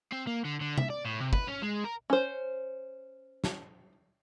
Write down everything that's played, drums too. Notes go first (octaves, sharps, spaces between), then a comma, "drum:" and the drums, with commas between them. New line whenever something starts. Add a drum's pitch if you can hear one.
C4
A#3
D3
D3
E5, drum: tom C3
D5
A2
C3
B4, drum: kick
C#4
G#3
A#4
C#4 C5
drum: snare